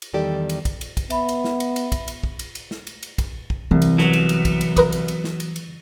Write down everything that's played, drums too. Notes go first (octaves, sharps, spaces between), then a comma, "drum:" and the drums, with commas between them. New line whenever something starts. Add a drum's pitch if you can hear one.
drum: cymbal
E2 D#3 G3 G4 A4 D5
drum: cymbal
drum: kick, cymbal
drum: cymbal
drum: kick, cymbal
B3 E5 B5, drum: cymbal
drum: cymbal
drum: snare
drum: cymbal
drum: cymbal
drum: kick, cymbal
drum: cymbal
drum: kick
drum: cymbal
drum: cymbal
drum: snare
drum: cymbal
drum: cymbal
drum: kick, cymbal
drum: kick
C2 E3
drum: cymbal
F#3 B3, drum: snare
drum: cymbal
drum: cymbal
drum: kick, cymbal
drum: cymbal
A#4 B4 D#6, drum: kick, cymbal
drum: cymbal
drum: cymbal
drum: snare
drum: cymbal
drum: cymbal